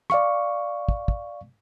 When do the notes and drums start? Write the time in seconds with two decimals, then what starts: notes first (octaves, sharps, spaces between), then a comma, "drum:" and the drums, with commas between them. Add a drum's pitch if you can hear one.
0.10 D5 F5 C#6, drum: rim click
0.89 drum: kick
1.08 drum: kick